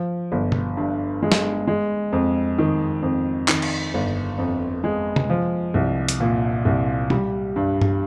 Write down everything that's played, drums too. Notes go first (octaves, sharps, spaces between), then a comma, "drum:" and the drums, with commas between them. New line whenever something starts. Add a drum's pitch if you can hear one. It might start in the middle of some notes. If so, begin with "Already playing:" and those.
Already playing: F3
G1
drum: tom B2
G2
G#3
drum: snare
G#3
F2
D#3
F2
D#3, drum: clap
drum: cymbal
G1
F2
G#3
drum: tom C3
F3
C2
drum: hi-hat
A#2
C2
G3, drum: tom B2
G2
drum: tom G2